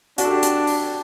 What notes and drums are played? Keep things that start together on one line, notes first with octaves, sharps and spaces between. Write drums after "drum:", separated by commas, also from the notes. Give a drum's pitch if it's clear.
D4 F#4, drum: hi-hat
A4
G4
drum: hi-hat
drum: open hi-hat